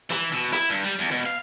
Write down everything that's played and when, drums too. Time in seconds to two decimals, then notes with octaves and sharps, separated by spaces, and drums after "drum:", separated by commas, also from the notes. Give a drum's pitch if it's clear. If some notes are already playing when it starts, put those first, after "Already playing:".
0.10 E3, drum: hi-hat
0.33 B2
0.52 E4, drum: hi-hat
0.70 G2
0.84 G3
0.99 E2
1.11 B2
1.26 F5